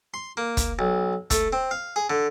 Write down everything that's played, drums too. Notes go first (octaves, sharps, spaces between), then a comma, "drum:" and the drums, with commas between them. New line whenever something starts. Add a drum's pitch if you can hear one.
C6
A#3
drum: kick, hi-hat
B1
A3, drum: kick, hi-hat
C4
F5
G#4
D3